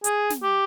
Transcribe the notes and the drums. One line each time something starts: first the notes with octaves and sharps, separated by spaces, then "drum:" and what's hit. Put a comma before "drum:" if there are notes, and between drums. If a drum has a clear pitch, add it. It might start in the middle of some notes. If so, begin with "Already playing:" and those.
G#4, drum: hi-hat
drum: snare
G4